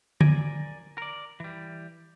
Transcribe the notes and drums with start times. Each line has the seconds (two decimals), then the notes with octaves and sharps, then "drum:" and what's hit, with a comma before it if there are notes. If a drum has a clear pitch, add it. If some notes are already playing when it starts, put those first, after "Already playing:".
0.21 A#4 D5 G#5, drum: tom D3
0.98 A#4 D5
1.40 E3 G3